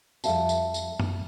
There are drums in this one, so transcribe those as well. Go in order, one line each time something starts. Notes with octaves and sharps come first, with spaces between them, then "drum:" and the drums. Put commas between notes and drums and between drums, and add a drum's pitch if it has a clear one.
F2 G3 E5 F5 A5, drum: tambourine
drum: tambourine
drum: tambourine
drum: tom F#2